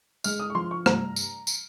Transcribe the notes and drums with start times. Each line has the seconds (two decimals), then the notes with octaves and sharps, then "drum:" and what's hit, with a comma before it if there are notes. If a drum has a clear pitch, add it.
0.24 G#3 F6, drum: tambourine
0.40 D#6
0.50 C#6
0.55 F3 C6
0.71 C#6
0.86 G2 A#5, drum: rim click
1.16 drum: tambourine
1.47 drum: tambourine